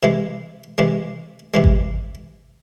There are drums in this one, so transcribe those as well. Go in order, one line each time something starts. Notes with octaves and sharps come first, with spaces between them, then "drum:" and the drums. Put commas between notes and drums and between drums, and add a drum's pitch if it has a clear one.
C3 E3 G#3
C3 E3 G#3
C3 E3 G#3
drum: kick G#1